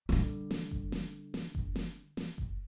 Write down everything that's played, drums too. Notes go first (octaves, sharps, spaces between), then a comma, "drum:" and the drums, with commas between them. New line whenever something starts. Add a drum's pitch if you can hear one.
D3 G3, drum: snare
drum: snare
drum: kick F#1
drum: snare
drum: snare
drum: kick F#1
drum: snare
drum: snare
drum: kick F#1